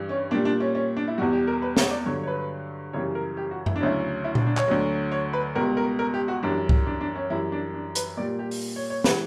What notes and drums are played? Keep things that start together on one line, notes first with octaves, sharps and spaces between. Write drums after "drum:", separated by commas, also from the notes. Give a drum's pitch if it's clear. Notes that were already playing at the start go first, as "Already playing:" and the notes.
Already playing: G2 E3 G3
C#4
A#2 G3 D4
D4
C#4
C#4
D4
E4
E2 B2 G3 F#4
G4
A#4
B4
C#5, drum: snare
D5
G2 D3 F#3 C#5
C#5
B4
F#2 C#3 E3 G3 C#5
A#4
G4
F#4
E4, drum: tom F#2
D4
D2 C#3 F#3 E4
E4
D4, drum: tom A#2
D4
C#5, drum: clap
D2 D3 F#3
C#5
B4
C#2 B2 G3 A#4
A#4
A#4
G4
F#4
F#2 E3 G3 D4
drum: kick C2
D4
D4
C#4
F#2 E3 G3 E4
D4
D4
B4, drum: hi-hat
A#2 G3 D5
G4
drum: open hi-hat
C#5
C#5
E3 G3 B4, drum: snare